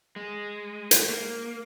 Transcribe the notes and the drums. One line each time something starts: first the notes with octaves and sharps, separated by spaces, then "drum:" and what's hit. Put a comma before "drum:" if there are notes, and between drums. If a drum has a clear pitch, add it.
G#3
drum: hi-hat
A#3